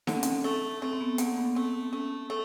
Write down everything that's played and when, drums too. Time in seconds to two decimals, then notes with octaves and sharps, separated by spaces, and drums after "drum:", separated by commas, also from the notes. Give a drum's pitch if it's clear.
0.07 D3 D4, drum: snare D#4
0.15 C#4
0.23 C4, drum: hi-hat
0.30 C#4
0.44 A3
0.82 A3 C4
0.93 C4
1.01 B3
1.18 D3 A#3, drum: hi-hat
1.38 B3
1.55 A3 C4
1.93 A3 C#4
2.30 A3